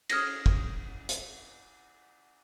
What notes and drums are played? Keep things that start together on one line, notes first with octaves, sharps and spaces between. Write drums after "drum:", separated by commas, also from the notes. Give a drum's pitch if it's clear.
D#6 F6 G#6 A#6, drum: cymbal
drum: kick
drum: hi-hat